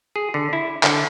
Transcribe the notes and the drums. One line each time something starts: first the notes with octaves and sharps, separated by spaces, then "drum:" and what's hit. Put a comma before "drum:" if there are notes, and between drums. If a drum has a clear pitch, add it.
G#4
D3
E4
D3, drum: clap